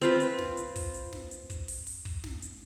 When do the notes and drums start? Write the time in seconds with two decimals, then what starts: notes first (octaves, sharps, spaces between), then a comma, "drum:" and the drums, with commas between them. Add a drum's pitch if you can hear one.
0.01 C4 F4 B4, drum: hi-hat
0.20 drum: hi-hat
0.38 drum: snare
0.57 drum: hi-hat
0.76 drum: kick, open hi-hat
0.94 drum: hi-hat
1.13 drum: snare
1.31 drum: hi-hat
1.50 drum: kick, hi-hat
1.68 drum: open hi-hat
1.87 drum: open hi-hat
2.05 drum: kick
2.24 drum: snare
2.42 drum: hi-hat